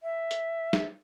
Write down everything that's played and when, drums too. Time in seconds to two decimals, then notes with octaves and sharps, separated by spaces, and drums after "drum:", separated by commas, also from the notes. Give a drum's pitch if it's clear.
0.01 E5
0.31 drum: hi-hat
0.73 drum: snare